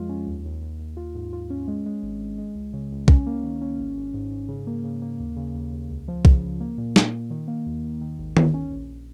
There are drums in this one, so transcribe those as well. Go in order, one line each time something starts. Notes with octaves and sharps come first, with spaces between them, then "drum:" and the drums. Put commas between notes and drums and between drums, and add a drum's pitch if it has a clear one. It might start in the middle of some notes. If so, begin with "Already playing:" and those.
Already playing: F2 F3 G#3 F4
C#4
D#2
D#2
D#2
D#2
F4
G#2
F4
C#4
G#3
G#3
G#1
G#1
G#3
C#2
C#3
C#2
C#4, drum: kick
A#3
D#3
C#4
G#1
G#1
G#2
G#2
C#3
A#3
C#3
A#3
D#2
C#3
D#2
D#2
C#2
F3
C#3, drum: kick
C#2
A#3
A#2
A#2, drum: snare
A#2
D#3
A#3
D#2
D#2
D#3
G#1
G#1, drum: tom D#3
C#4
A#1